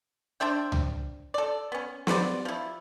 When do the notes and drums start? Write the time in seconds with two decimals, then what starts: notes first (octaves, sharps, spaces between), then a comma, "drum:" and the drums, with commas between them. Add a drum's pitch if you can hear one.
0.40 D4 C5 E5 G5
0.72 drum: tom C#2
1.34 A4 D5
1.72 B3 C#4
2.07 F#4 B4 C5 D5, drum: snare
2.45 F3 E4